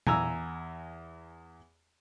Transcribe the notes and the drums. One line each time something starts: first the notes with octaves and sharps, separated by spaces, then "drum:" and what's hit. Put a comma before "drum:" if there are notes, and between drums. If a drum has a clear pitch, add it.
E2 G#5 A#5 E6, drum: tom A#2